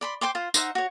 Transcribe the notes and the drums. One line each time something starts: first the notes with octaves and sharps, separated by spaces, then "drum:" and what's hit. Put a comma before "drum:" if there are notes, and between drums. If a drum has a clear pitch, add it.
D5 B5 C6
C5 G5 C6 D6
F4 C5
D#4 C5 E5 F#5, drum: tambourine
F#4 C#5